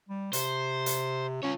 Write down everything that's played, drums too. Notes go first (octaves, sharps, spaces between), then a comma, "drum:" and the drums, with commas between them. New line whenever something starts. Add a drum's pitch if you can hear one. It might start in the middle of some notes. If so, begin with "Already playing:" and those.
G3
C3 C5, drum: hi-hat
drum: hi-hat
C#4 F4 C#5